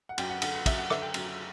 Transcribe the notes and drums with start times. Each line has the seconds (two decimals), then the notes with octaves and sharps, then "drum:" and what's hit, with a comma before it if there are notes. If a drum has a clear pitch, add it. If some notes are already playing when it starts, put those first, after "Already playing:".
0.09 F#5
0.18 F#2 G5, drum: cymbal
0.30 F#5
0.42 D3 F#5, drum: cymbal
0.55 F#5
0.66 F#2 E5, drum: kick, cymbal
0.78 F#5
0.90 D3 E5, drum: rim click
1.02 G5
1.14 F#2, drum: cymbal